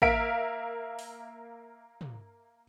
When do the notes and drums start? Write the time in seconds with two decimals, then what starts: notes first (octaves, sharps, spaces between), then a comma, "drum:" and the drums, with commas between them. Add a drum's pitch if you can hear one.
0.02 A#3 A#4 E5 F5 B6 D7, drum: kick A1
0.99 drum: open hi-hat
2.01 drum: tom